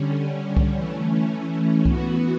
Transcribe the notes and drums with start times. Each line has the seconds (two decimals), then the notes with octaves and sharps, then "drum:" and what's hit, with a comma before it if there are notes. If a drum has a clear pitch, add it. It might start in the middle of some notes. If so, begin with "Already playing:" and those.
Already playing: D3 G3 C#4
0.57 drum: kick C2
0.75 E3 A3 C#4
1.85 E3 B3 F#4, drum: kick C2